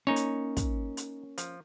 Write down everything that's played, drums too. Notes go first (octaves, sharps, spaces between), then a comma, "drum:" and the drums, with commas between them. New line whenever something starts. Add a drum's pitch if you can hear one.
A#3 C#4 D#4 C#5
drum: hi-hat
drum: kick, hi-hat
drum: hi-hat
F3, drum: hi-hat